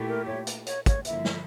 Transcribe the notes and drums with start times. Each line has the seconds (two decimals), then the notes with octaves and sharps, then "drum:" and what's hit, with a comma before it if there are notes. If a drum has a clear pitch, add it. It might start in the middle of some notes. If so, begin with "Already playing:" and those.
Already playing: A#2 A3 E4 G4
0.08 A#4
0.27 C#5
0.47 drum: hi-hat
0.67 C#5, drum: hi-hat
0.86 C#5, drum: kick, hi-hat
1.05 G2 D3 F3 A#3 E4 E5, drum: hi-hat
1.25 drum: snare